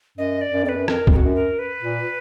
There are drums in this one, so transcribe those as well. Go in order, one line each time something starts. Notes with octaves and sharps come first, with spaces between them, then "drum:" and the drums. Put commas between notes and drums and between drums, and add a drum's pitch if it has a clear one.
F#2 D#5
D5
F#2
F2 D5
B4
F#2
F2 A#4, drum: rim click
F2 A#4, drum: kick
F#4
F#2
A#4
B4
A#2